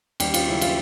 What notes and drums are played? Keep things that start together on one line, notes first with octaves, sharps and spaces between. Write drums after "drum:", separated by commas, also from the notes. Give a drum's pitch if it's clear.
D#2 G3 G4, drum: cymbal
F4, drum: cymbal
C#3 F#3 E4
F4, drum: cymbal